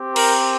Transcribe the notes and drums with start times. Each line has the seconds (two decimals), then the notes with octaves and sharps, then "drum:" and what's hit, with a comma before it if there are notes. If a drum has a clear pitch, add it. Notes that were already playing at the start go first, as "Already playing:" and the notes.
Already playing: C4 G4
0.16 A#4, drum: cymbal